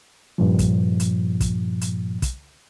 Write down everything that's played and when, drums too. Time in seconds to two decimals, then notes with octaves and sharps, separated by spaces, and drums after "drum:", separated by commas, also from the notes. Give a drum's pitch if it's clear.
0.38 G2 A#2 F3
0.59 drum: kick, hi-hat
1.00 drum: hi-hat
1.41 drum: kick, hi-hat
1.81 drum: hi-hat
2.22 drum: kick, hi-hat